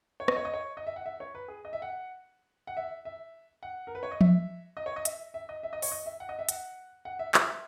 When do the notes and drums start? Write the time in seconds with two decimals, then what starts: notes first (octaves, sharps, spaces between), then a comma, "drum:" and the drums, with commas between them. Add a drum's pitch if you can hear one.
0.20 C#5
0.28 D#5, drum: rim click
0.36 C#5
0.45 D#5
0.54 C#5
0.77 D#5
0.87 E5
0.96 F#5
1.06 E5
1.20 C#5
1.35 B4
1.48 G#4
1.65 D#5
1.73 E5
1.82 F#5
2.67 F#5
2.77 E5
3.05 E5
3.63 F#5
3.87 A#4
3.95 B4
4.03 C#5
4.11 D#5
4.21 E5, drum: tom F3
4.77 D#5
4.86 C#5
4.96 D#5
5.05 E5, drum: hi-hat
5.34 E5
5.49 D#5
5.63 E5
5.73 D#5
5.82 C#5, drum: open hi-hat
5.92 D#5
6.06 E5
6.20 F#5
6.29 D#5
6.39 E5
6.49 F#5, drum: hi-hat
7.05 F#5
7.19 E5
7.34 E5, drum: clap